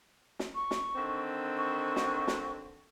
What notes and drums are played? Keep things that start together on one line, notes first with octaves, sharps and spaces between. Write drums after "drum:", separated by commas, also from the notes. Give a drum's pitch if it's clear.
drum: snare
C#6
drum: snare
D3 D#3 C4
C#6
drum: snare
drum: snare